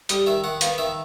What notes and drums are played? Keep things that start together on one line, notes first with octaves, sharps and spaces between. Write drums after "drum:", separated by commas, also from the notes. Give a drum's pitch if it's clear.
G3 D#5, drum: hi-hat
D#3 E5
D#3 F#5
B3 F5, drum: hi-hat
D#3 E5